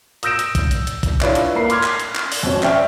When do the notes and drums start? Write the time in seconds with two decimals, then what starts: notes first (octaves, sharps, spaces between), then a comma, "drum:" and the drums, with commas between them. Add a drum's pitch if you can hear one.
0.23 D#6 E6 G6 A#6 D7 E7, drum: hi-hat
0.39 drum: hi-hat
0.55 drum: kick, hi-hat
0.71 drum: hi-hat
0.87 drum: hi-hat
1.03 drum: kick, hi-hat
1.21 D4 E4 F4 B4 C#5 D5, drum: clap
1.35 drum: hi-hat
1.55 A#3 A#4 B5 C7
1.70 C6 D6 F6 G#6, drum: hi-hat
1.83 drum: clap
2.00 drum: hi-hat
2.16 drum: clap
2.32 drum: open hi-hat
2.43 F2 B2 C4 C#4
2.63 C5 D5 E5 G5 C#6 F6, drum: clap